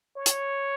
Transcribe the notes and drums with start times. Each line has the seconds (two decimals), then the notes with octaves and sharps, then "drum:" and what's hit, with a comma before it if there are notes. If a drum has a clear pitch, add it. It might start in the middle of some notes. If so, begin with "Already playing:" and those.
0.17 C#5
0.26 drum: hi-hat